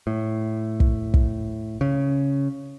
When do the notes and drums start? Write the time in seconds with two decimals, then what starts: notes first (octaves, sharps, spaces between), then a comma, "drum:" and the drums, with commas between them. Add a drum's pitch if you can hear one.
0.07 A2
0.80 drum: kick
1.14 drum: kick
1.81 C#3